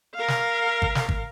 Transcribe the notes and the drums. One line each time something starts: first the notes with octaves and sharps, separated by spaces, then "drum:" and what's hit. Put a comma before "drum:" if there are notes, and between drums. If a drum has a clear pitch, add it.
A#4 F5
drum: snare
drum: kick
drum: snare
drum: kick